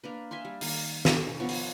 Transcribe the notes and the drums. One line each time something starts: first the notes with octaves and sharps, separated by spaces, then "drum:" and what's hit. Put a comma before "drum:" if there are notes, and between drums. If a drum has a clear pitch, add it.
A#3 D4 B4
E5 F5 G#5 C6
G3
D#3 A#3, drum: open hi-hat
drum: snare
F3 B3 C#5
drum: open hi-hat